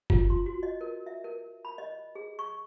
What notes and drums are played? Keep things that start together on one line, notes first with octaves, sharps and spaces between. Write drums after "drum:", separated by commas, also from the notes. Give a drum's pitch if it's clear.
F4, drum: kick F#1
C6
F#4
D#5
A#4
E5
A#4
B5
D#5
G#4
C#6